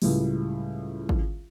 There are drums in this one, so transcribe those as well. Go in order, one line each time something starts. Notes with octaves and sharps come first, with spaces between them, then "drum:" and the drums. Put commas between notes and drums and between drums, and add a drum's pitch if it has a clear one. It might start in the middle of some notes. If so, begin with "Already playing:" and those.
C#2 A2 G3, drum: open hi-hat
drum: kick